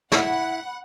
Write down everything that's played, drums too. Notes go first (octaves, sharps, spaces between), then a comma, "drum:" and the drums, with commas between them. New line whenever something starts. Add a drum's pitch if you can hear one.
E4 F#5, drum: snare